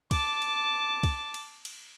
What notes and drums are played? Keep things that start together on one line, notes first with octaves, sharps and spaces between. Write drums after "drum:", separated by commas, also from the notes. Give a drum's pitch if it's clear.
A5 D6, drum: kick, cymbal
drum: cymbal
drum: kick, cymbal
drum: cymbal
drum: cymbal